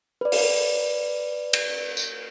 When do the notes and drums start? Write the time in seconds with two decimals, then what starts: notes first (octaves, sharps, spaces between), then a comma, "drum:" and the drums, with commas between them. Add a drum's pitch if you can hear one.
0.21 B4 D5
0.32 drum: open hi-hat
1.53 drum: cymbal
1.97 drum: tambourine